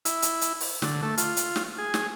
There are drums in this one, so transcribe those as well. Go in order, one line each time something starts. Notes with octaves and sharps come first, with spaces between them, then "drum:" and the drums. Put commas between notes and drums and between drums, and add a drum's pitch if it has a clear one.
E4, drum: hi-hat
drum: hi-hat
drum: hi-hat
drum: open hi-hat
D3, drum: snare
A3
F4, drum: hi-hat
drum: hi-hat
drum: snare
G#4
drum: snare